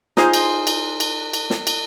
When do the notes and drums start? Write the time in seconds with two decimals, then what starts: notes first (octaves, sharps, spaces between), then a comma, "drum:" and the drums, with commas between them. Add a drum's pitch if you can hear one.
0.17 D#4 F4 G#4 C5, drum: snare
0.33 drum: cymbal
0.67 drum: cymbal
1.00 drum: cymbal
1.33 drum: cymbal
1.50 drum: snare
1.67 drum: cymbal